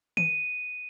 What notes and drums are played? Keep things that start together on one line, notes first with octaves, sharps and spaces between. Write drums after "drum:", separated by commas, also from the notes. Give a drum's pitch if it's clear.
D#7, drum: tom D#3